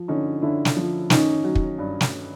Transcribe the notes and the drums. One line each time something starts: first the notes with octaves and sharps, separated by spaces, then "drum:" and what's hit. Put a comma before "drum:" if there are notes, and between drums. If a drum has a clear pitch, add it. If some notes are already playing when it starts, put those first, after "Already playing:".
Already playing: F3
D3 C#4 D#4
D3 D4 E4
drum: snare
F3
D#3 C#4 D#4, drum: snare
F#3
drum: kick
G2
drum: snare